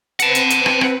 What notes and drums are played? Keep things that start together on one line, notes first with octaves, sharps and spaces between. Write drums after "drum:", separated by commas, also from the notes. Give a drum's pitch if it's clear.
C4 B4 F#5 A5, drum: hi-hat
drum: hi-hat
drum: hi-hat
drum: rim click
drum: rim click